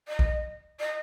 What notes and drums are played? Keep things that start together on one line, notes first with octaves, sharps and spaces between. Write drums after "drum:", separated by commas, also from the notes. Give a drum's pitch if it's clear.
D#5
drum: kick
D#5